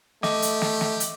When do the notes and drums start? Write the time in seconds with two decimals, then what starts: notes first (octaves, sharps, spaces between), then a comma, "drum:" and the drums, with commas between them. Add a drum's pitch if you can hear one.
0.23 A3 G4 D#5 D6, drum: snare
0.42 drum: hi-hat
0.62 drum: snare
0.81 drum: snare
1.00 drum: hi-hat